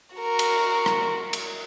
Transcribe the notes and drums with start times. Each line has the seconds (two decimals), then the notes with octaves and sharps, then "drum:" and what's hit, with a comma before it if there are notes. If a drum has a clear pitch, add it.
0.16 F#4 A#4
0.39 drum: cymbal
0.86 drum: rim click
1.33 drum: cymbal